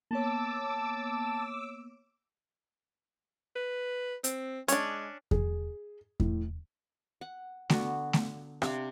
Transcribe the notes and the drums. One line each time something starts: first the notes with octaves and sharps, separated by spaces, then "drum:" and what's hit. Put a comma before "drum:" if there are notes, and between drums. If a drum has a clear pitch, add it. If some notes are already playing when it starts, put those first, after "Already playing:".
A#3 B3 C#5 A5 D6 E6
B4
C4, drum: hi-hat
G#3 C#4 D4, drum: hi-hat
G#4, drum: kick E2
A2, drum: kick E2
F#5
D3 B3 F#4, drum: snare A3
drum: snare A3
C3 D4 F5 B5, drum: rim click